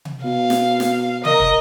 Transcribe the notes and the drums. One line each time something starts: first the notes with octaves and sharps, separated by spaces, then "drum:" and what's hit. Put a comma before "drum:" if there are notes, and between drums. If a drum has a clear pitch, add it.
drum: tom C3
B2 F5
drum: snare
drum: snare
A#4 D#5 A#5, drum: tom C3
drum: kick